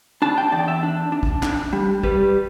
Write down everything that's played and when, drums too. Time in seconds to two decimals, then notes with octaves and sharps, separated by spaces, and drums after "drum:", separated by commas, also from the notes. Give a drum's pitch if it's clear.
0.22 D4 A5
0.38 G5
0.52 E2 D5
0.68 E5
0.83 D4
1.12 D4
1.23 drum: kick
1.43 D4, drum: clap
1.73 G3
2.03 G3 B4, drum: kick